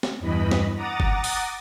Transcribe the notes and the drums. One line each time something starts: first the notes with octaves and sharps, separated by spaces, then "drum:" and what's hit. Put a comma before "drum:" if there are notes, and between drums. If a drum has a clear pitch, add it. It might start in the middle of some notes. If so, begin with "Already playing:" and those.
drum: snare
E2 G2 E3 D#5 B5
drum: snare
F#5 A#5 D6 D#6 A6
drum: kick F#1
drum: open hi-hat